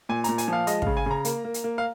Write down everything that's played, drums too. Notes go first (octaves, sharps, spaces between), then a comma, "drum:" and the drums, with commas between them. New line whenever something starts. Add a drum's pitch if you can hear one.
A#2 G#5
A#2 A#5, drum: hi-hat
G#5, drum: hi-hat
F3 F5
G#3 D#5, drum: hi-hat
C#3 F5, drum: kick
G#5
C#3 A#5
A#3, drum: hi-hat
A#3
drum: hi-hat
A#3
F5